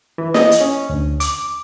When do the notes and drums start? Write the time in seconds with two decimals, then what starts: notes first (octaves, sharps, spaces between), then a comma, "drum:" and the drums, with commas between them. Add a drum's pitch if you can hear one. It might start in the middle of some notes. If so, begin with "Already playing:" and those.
0.18 E3
0.34 D#5, drum: snare
0.52 drum: hi-hat
0.61 C#4
0.90 D2
1.20 D6, drum: hi-hat